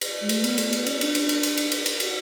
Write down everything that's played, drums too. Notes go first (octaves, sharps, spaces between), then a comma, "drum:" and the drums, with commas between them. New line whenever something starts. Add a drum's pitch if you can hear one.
drum: cymbal
G#3
A3, drum: cymbal
B3, drum: cymbal
A3, drum: cymbal
B3, drum: cymbal
C#4, drum: cymbal
D4, drum: cymbal
drum: cymbal
drum: cymbal
drum: cymbal
drum: cymbal
drum: cymbal
drum: cymbal
F#4, drum: cymbal